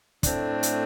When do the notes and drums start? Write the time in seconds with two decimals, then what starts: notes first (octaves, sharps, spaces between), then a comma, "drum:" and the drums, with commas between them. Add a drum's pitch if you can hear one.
0.23 A2 A3 C4 D4, drum: kick, hi-hat
0.63 drum: hi-hat